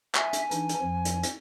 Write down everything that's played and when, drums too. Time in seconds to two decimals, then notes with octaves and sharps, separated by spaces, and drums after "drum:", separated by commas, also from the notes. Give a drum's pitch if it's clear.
0.15 E5 G#5, drum: clap
0.33 drum: hi-hat
0.51 E3 D4 D#4, drum: hi-hat
0.69 drum: hi-hat
0.81 F2 F3
1.05 drum: hi-hat
1.23 drum: hi-hat